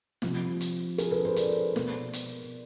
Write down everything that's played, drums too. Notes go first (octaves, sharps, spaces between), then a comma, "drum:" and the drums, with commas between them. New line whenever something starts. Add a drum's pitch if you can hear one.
C3 F3, drum: snare
drum: hi-hat
G#4 A#4, drum: hi-hat
A4 B4
A#4 C5
C5 D5, drum: hi-hat
B2, drum: snare
drum: hi-hat